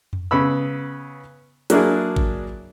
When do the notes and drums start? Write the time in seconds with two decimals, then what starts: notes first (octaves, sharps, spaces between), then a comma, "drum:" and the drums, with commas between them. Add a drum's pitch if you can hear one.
0.13 drum: tom F2
0.31 C#3 B3 B5 E6
1.70 F#3 A#3 D4 E4 G#4, drum: hi-hat
2.16 drum: kick G#1